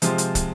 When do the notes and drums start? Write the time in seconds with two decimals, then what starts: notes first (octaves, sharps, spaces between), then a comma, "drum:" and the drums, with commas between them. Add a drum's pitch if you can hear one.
0.02 C3 F3 G#3 C4 F4, drum: hi-hat
0.18 drum: hi-hat
0.35 drum: kick, hi-hat